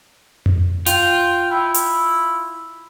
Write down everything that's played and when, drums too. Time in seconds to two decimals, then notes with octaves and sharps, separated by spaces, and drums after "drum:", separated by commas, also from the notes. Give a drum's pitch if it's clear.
0.46 drum: tom F2
0.86 F4 G5, drum: hi-hat
1.51 E4
1.74 drum: hi-hat